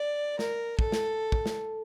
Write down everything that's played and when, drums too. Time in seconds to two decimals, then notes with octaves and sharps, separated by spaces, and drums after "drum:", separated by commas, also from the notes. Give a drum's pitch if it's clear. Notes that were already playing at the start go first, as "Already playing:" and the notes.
Already playing: D5
0.39 A#4, drum: snare
0.79 A4, drum: kick
0.92 drum: snare
1.32 drum: kick
1.46 drum: snare